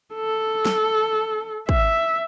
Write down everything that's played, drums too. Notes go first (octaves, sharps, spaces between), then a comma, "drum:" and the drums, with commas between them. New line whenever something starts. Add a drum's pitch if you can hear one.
A4
drum: snare
E5, drum: kick